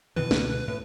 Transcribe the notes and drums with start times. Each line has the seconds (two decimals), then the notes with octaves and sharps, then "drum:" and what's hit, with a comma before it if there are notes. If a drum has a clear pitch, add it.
0.16 B2 D#3 E3 B4
0.31 C#2 B2 D3, drum: snare
0.68 A2